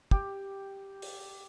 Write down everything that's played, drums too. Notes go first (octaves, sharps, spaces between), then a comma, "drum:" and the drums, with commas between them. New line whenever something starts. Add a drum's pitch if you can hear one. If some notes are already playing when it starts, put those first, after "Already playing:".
G4, drum: kick
drum: open hi-hat